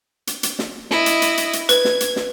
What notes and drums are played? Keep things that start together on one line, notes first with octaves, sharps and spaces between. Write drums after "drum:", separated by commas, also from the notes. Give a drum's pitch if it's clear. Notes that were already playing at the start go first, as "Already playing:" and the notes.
drum: hi-hat
drum: hi-hat
drum: snare
E4 D#5, drum: snare
drum: hi-hat
drum: hi-hat
drum: hi-hat
drum: hi-hat
B4 G#6, drum: hi-hat
drum: snare
drum: hi-hat
drum: snare